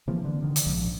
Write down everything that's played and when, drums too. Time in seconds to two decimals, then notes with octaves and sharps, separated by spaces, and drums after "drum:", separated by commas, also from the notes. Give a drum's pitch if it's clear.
0.07 C3 E3 F3 A#3
0.25 D3
0.42 D3 D#3
0.56 drum: hi-hat
0.66 A#1 G#2 C#3 F3